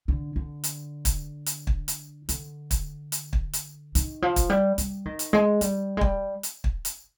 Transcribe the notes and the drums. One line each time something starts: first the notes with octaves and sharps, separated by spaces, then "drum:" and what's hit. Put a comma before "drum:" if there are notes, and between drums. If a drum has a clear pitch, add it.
D3
D3
drum: hi-hat
drum: kick, hi-hat
drum: hi-hat
drum: kick
drum: hi-hat
D3, drum: hi-hat
drum: kick, hi-hat
drum: hi-hat
drum: kick
drum: hi-hat
D#3, drum: hi-hat
F3
drum: kick, hi-hat
G3
G3, drum: hi-hat
D#3
drum: hi-hat
G#3
G3, drum: hi-hat
G#3
G3, drum: kick
drum: hi-hat
drum: kick
drum: hi-hat